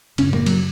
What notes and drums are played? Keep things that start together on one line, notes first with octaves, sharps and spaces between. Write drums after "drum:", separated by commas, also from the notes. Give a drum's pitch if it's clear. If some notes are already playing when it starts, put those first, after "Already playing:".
F#2 C#3 C#4, drum: cymbal
A#3, drum: tom A2
F#3, drum: cymbal